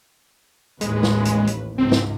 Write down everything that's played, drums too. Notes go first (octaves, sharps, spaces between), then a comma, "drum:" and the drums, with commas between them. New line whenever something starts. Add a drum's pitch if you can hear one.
A1 D#2 G#3 B4, drum: hi-hat
drum: snare
drum: hi-hat
drum: hi-hat
C#2 G#2 C4
drum: snare